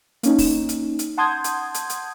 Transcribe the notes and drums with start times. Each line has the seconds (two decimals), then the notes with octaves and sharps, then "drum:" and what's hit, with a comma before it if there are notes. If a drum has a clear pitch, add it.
0.23 A#3 C#4 D#4, drum: hi-hat
0.38 drum: kick, open hi-hat
0.69 drum: hi-hat
0.99 drum: hi-hat
1.17 F#5 A5 C6 D#6 G6 G#6
1.44 drum: hi-hat
1.74 drum: hi-hat
1.90 drum: hi-hat